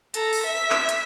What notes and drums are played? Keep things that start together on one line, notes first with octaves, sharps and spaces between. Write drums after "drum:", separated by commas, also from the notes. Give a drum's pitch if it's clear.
A4 A#5, drum: hi-hat
drum: open hi-hat
E5 B6
drum: clap
drum: hi-hat